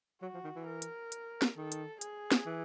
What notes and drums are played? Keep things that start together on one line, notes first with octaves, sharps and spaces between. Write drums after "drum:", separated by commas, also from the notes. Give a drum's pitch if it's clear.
F#3 F#4
F3
D#3
E3
A#4
drum: hi-hat
drum: hi-hat
drum: snare
D#3 A4
drum: hi-hat
G#4, drum: hi-hat
drum: snare
E3